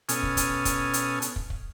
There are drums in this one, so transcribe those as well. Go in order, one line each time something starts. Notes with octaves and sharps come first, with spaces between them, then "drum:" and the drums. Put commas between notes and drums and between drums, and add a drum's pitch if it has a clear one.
B2 C#4 A4 G#5 D#6 F6, drum: hi-hat
drum: kick
drum: kick, hi-hat
drum: kick, hi-hat
drum: hi-hat
drum: hi-hat
drum: kick
drum: kick